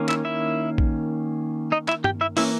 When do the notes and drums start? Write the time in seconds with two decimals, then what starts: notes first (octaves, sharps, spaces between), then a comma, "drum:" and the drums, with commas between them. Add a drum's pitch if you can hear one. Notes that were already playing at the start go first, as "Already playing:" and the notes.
Already playing: D#3 A#3 C#4
0.09 E4 E5, drum: clap
0.25 E4 E5
0.78 drum: kick
1.72 D#4 D#5
1.88 E4 E5, drum: clap
2.04 G4 G5, drum: tom G2
2.21 E4 E5
2.37 E3 A#3 C#4 E4 E5, drum: open hi-hat